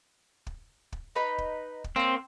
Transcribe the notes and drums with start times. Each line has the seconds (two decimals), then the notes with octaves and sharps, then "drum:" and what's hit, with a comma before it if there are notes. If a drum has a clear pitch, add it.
0.47 drum: kick
0.92 drum: kick
1.15 D#4 B4 B5
1.38 drum: kick
1.84 drum: kick
1.96 A#3 C4 C#5